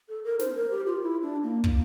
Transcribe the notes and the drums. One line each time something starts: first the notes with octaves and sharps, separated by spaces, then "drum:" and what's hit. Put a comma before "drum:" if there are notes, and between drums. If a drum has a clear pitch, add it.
A4
A#4
C5, drum: snare
A#4
G4
F4
E4
D4
A#3
A#3, drum: kick